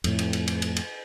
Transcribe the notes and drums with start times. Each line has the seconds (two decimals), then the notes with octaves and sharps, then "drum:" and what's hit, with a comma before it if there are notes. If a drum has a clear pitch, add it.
0.04 F2 A2, drum: cymbal
0.19 drum: cymbal
0.33 drum: cymbal
0.48 drum: cymbal
0.62 drum: cymbal
0.76 drum: cymbal